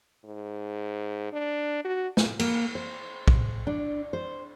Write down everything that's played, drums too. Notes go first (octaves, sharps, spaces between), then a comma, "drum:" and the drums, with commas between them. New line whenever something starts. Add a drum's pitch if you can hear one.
G#2
D4
F#4
drum: snare
A#3, drum: cymbal
C5
drum: kick
D4
C5